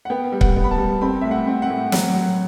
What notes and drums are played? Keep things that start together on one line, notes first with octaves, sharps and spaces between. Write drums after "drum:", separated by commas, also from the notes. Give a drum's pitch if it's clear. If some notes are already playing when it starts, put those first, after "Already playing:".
F#5
B3 G5
G3
F#5, drum: kick C#1
B3
B5
A5
G3
C4 B5
A2 E5
F#5
C4
F#5
A2
F#3 F#5, drum: snare
F#3